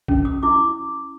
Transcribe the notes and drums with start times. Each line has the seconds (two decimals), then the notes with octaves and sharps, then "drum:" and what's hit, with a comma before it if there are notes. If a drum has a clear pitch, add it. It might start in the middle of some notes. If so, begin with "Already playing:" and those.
0.08 C#4, drum: kick
0.25 D#6
0.43 E4 D6